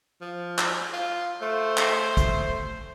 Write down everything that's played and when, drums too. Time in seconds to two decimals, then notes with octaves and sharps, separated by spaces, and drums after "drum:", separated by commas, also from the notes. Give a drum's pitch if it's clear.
0.21 F3
0.58 drum: clap
0.93 F4
1.41 A3 C5
1.77 drum: clap
1.97 A3
2.17 drum: kick, hi-hat